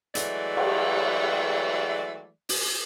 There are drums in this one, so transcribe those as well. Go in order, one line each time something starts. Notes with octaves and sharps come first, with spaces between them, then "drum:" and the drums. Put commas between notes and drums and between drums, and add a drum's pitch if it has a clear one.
E3 F#3 G#3 A3 D5, drum: hi-hat
drum: cymbal
drum: open hi-hat